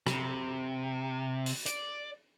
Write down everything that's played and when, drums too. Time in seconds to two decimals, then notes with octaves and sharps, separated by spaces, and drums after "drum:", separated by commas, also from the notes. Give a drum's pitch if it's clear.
0.07 C3, drum: rim click
1.46 drum: open hi-hat
1.66 D5, drum: hi-hat